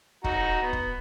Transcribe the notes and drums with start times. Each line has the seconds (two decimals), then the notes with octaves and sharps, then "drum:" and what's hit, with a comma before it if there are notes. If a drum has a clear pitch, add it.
0.24 D#4 F#4 A#5, drum: kick
0.62 B3
0.73 drum: kick